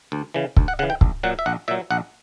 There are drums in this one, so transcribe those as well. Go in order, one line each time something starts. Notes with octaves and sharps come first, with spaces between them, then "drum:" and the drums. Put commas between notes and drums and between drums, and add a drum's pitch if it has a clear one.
D2
C#3 E3
D2, drum: kick
F#5
C#3 E3 F#5
G5
A#1, drum: kick
A#2 F#3 F#5
E5
A#1 F#5
A#2 F#3 E5
A#1 F#5